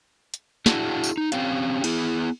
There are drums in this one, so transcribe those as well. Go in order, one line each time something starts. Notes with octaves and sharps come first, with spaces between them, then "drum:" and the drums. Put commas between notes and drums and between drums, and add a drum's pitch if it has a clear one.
drum: hi-hat
D4 E4 F#4 G#4, drum: snare
drum: tambourine
D#4
C4 C#4 G4 F5, drum: hi-hat
B3 E4 G#4, drum: cymbal